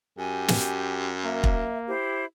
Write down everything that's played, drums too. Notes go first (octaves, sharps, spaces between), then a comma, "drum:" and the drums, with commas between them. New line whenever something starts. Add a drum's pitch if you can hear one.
F#2 G4 G#5
drum: snare
A#3 E5
drum: kick
E4 G4 C5